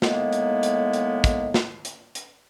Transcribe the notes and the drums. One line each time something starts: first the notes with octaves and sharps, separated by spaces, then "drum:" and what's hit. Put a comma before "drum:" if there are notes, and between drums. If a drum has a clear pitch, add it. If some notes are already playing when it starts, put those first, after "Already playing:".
A2 D#3 G#3 A#3 B3, drum: snare
drum: hi-hat
drum: hi-hat
drum: hi-hat
drum: kick, hi-hat
drum: snare
drum: hi-hat
drum: hi-hat